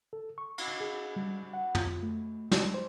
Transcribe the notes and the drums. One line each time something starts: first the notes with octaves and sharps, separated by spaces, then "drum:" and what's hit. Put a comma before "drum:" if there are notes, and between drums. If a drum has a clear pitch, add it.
A4
C#6
drum: cymbal
G#4
G3
F#5
F4, drum: tom
A3
G#3, drum: snare
C5